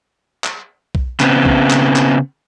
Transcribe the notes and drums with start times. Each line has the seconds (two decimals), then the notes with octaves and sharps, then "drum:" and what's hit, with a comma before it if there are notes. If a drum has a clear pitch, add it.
0.44 drum: clap
0.95 drum: kick B1
1.20 C#3 B3 C4, drum: clap
1.45 drum: kick B1
1.70 drum: clap
1.96 drum: clap